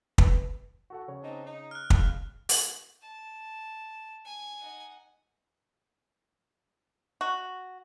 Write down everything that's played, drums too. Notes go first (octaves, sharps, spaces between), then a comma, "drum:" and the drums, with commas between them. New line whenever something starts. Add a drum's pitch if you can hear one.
B4, drum: kick
F#4 A4 F#5
C#3 C#5
C4 D4 D#4
D#4
F6 F#6
C#3 G#3 F5, drum: kick
drum: open hi-hat
A5
G#5
D#4 F#5
F#4